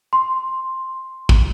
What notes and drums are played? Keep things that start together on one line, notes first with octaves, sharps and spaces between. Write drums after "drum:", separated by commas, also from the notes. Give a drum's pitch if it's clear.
C6
drum: kick